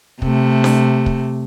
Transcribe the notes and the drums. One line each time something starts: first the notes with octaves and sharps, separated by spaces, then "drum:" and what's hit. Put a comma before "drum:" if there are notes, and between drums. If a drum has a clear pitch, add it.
C3 A3, drum: kick
drum: snare D4
drum: kick